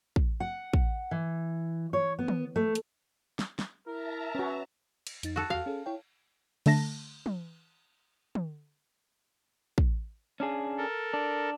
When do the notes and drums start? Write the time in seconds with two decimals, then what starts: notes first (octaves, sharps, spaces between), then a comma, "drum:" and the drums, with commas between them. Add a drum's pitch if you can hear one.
0.16 drum: kick
0.40 F#5
0.73 drum: kick
1.11 E3
1.93 C#5
2.19 B3
2.28 drum: tom
2.56 A3
2.75 drum: hi-hat
3.39 drum: snare
3.59 drum: snare
3.87 E4 A#4 E5 A5 A#5
4.35 C#4 F#4 B4
5.07 drum: cymbal
5.23 F2 D#4 A6, drum: hi-hat
5.36 F#4 A4
5.50 E2 F#4 F5
5.66 C#4 G#4 A4
5.86 E4 C#5 G5
6.66 D3 A3 A5 A#6, drum: cymbal
7.26 drum: tom
8.35 drum: tom
9.78 drum: kick
10.40 C#4 D4 G#4
10.77 A4 A#4
11.14 D4